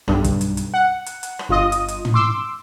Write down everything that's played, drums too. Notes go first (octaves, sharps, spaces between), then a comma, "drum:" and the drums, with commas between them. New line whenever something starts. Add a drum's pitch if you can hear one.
B1 G2, drum: rim click
drum: kick, hi-hat
drum: hi-hat
drum: hi-hat
F#5
drum: hi-hat
drum: hi-hat
drum: rim click
G1 F4 D#5 D#6
drum: hi-hat
drum: hi-hat
drum: tom
C6 D6 E6